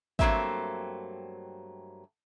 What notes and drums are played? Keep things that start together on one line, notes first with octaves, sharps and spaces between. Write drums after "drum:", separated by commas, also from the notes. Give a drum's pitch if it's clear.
G2 F#3 A3 A#3 C4 E5, drum: kick